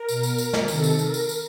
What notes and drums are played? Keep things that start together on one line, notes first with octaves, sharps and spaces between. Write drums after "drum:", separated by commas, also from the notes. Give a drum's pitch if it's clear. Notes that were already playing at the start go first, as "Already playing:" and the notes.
Already playing: A#4
B2, drum: tambourine
drum: tambourine
drum: tambourine
drum: snare
C3 D#3 A4, drum: tambourine
drum: tambourine
A#4, drum: tambourine
drum: tambourine
drum: tambourine